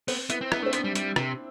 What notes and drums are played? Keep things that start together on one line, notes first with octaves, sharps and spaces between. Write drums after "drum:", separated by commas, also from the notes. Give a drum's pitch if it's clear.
B3 C4, drum: open hi-hat
B3 E4, drum: hi-hat
C4
B3 E4, drum: rim click
D4
A3 C4
B3 D4, drum: hi-hat
G3
G3, drum: hi-hat
C3, drum: rim click